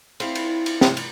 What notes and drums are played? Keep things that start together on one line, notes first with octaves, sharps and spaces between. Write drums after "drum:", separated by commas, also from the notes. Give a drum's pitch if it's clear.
C4 E4 F5, drum: cymbal
drum: cymbal
drum: cymbal
drum: snare
drum: cymbal